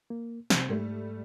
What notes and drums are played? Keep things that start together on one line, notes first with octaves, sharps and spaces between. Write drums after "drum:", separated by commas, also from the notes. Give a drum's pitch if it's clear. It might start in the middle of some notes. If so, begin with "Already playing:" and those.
A#3
C3 C4, drum: snare
G#2 G3 A3